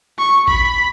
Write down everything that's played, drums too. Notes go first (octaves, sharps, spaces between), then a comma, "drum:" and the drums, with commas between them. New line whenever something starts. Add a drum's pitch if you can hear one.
C#6
B5, drum: kick